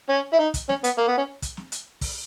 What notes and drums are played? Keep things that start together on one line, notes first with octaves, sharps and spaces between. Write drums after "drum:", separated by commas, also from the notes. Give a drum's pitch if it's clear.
C#4
E4
D#4
drum: kick, hi-hat
C#4, drum: snare
B3, drum: hi-hat
A#3
B3
C#4
drum: kick, hi-hat
drum: snare
drum: hi-hat
drum: kick, open hi-hat